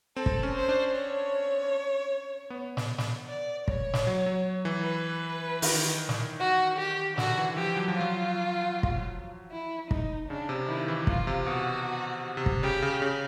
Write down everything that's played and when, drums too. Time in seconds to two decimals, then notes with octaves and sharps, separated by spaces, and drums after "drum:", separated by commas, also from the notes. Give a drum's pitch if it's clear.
0.16 C4 A4
0.26 drum: kick
0.43 C#4
0.56 C5
0.69 D4
0.95 C#5
2.50 B3
2.77 drum: snare
2.98 drum: snare
3.29 D5
3.68 C#5, drum: kick
3.94 drum: snare
4.07 F#3
4.26 F#3
4.65 E3
4.84 B4
5.62 D#3, drum: open hi-hat
6.09 drum: snare
6.40 F#4
6.79 G4
7.18 D3 F#4, drum: snare
7.38 E3
7.57 F3 G4
7.76 F#3
7.88 F3
7.96 F#3 F4
8.83 drum: kick
9.52 E4
9.91 D#4, drum: kick
10.29 C#3 D4
10.49 C3
10.69 D#3 E4
10.88 E3
11.07 F4, drum: kick
11.27 C3
11.46 B2 F#4
11.66 B2
12.37 C3
12.46 drum: kick
12.63 C#3 G4
12.82 C#3
13.02 C#3